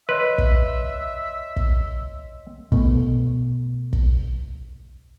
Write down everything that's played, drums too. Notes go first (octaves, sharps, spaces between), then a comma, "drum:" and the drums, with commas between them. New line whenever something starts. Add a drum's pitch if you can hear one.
B4 C#5 D#5 E5 C6
drum: kick
drum: kick
B2 A3, drum: kick
drum: kick